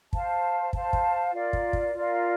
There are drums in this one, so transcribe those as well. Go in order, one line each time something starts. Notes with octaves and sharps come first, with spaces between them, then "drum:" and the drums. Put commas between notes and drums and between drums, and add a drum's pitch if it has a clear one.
C5 F5 A5, drum: kick
C5 F5 A5, drum: kick
drum: kick
F4 A#4 D5 F5
drum: kick
drum: kick
F4 A#4 D5 F5